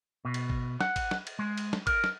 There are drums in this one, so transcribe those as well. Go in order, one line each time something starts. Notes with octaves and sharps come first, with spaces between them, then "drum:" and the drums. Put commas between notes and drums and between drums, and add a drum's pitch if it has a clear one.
B2
drum: cymbal
drum: kick G#1
F#5, drum: snare
drum: kick G#1, cymbal
drum: snare
drum: cymbal
G#3
drum: cymbal
drum: snare
A#4, drum: kick G#1, cymbal
drum: snare